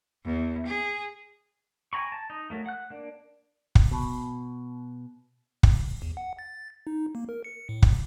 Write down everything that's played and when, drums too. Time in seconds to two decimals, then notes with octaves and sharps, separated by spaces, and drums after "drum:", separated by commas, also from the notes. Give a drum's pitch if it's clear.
0.24 E2
0.66 G#4
1.93 G5 G#5 A#5 B5 C#6
2.12 A5
2.30 D#4
2.50 F#3 A3 A#3
2.66 F#5 F#6
2.90 A#3 D4
3.75 drum: kick
3.91 B2
5.63 drum: kick
6.02 E2
6.17 F#5
6.39 A6
6.87 D#4
7.15 A#3
7.29 A#4
7.44 C#7
7.69 A2
7.82 drum: kick